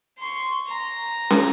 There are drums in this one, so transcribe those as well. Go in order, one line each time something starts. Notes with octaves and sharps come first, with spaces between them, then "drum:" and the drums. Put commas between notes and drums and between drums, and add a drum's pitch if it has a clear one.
C6 C#6
A#5
drum: snare